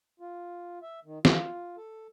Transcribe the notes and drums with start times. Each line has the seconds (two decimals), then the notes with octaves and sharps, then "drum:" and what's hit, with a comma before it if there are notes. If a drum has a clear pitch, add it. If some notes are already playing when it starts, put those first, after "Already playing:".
0.20 F4
0.82 E5
1.05 D#3
1.25 F4, drum: snare
1.77 A4